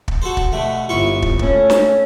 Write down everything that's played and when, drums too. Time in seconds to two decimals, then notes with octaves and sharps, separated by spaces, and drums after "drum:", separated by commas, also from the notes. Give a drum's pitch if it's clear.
0.08 drum: kick
0.22 F#4 A4 C5
0.37 drum: kick
0.52 B2 D3 A3
0.89 G1 E4 F4 C#6
1.22 drum: kick
1.39 A3 C#4, drum: kick
1.70 drum: snare